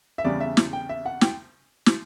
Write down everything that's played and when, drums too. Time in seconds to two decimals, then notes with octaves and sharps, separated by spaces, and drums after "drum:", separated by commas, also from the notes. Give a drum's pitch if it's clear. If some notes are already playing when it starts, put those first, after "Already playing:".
0.18 E5
0.24 E2 C#3 G3 D5
0.41 E5
0.57 drum: snare
0.73 G5
0.89 E5
1.05 F#5
1.21 G5, drum: snare
1.86 drum: snare